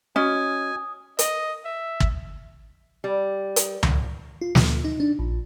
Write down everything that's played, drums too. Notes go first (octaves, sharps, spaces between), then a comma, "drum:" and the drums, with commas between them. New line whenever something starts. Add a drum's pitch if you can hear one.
C#4 F#4 D#5 G#5 D#6
D#5, drum: hi-hat
E5
drum: kick
G3
drum: hi-hat
drum: tom C#2
F4
D2, drum: snare
D#4
D4
A#1